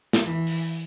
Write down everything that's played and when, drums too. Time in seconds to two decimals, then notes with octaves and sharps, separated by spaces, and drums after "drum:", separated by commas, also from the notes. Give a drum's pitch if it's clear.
0.13 drum: snare
0.24 E3
0.47 drum: open hi-hat